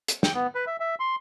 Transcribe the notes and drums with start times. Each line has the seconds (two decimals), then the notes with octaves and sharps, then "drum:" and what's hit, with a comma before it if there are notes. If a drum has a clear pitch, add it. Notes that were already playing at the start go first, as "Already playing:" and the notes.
0.08 drum: hi-hat
0.23 G5, drum: snare
0.34 B3
0.55 B4
0.67 E5
0.80 E5
1.00 C6